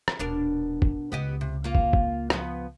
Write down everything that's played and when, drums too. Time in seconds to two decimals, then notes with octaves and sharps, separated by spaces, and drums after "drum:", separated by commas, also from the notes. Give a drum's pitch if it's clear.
0.08 drum: rim click
0.19 D#1 B2 D4 A#4
0.82 drum: kick
1.12 C#2 B3 G4 D#5
1.41 C3
1.64 A#3 F4
1.75 drum: kick
1.93 drum: kick
2.30 F3 B3, drum: rim click